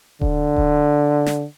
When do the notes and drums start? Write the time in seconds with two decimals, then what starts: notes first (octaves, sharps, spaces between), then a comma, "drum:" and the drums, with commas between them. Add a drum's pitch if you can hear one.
0.21 D3, drum: kick D#1
0.56 drum: kick D#1
1.26 drum: snare